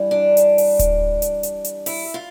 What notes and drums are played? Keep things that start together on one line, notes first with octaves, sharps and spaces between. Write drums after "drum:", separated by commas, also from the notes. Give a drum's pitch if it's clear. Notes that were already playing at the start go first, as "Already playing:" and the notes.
Already playing: G2 E3 G3
D4
drum: hi-hat
drum: open hi-hat
drum: kick D1, hi-hat
drum: hi-hat
drum: hi-hat
drum: hi-hat
E4, drum: open hi-hat
F4